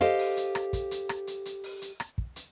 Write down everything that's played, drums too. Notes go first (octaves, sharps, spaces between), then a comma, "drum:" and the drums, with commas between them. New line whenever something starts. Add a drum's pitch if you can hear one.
G4 A4 C5 D#5 F5
drum: open hi-hat
drum: hi-hat
drum: rim click
drum: kick, hi-hat
drum: hi-hat
drum: rim click
drum: hi-hat
drum: hi-hat
drum: open hi-hat
drum: hi-hat
drum: rim click
drum: kick
drum: hi-hat